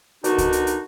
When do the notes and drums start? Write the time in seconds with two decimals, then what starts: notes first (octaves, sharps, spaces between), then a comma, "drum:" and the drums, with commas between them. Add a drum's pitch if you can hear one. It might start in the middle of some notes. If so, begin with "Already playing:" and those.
0.24 B2 D3 D#3 D#4 F#4, drum: hi-hat
0.38 drum: kick C#2, hi-hat
0.53 drum: hi-hat
0.67 drum: hi-hat